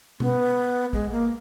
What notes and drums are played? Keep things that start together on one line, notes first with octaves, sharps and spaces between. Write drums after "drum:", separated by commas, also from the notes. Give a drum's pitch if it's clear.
B3, drum: tom B2
G#3, drum: kick
A#3